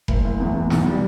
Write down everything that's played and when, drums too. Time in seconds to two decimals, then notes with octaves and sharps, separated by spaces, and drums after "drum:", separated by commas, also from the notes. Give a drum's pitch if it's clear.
0.08 F#1, drum: kick F1
0.24 F#1
0.40 E2
0.54 E2
0.70 B1, drum: snare
0.86 G3